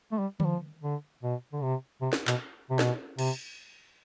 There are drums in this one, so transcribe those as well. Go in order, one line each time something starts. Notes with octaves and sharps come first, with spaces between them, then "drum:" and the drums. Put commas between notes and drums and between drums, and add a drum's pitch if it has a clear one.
A3
G3
G3, drum: tom D3
F3
D3
B2
D3
C3
C3
drum: snare
B2, drum: clap
C3
B2, drum: snare
C3, drum: cymbal